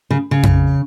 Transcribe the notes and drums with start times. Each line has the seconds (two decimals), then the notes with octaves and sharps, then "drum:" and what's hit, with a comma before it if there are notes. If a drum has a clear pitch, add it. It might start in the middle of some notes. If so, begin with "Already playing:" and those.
0.10 C#3
0.31 C#3
0.43 drum: tom F2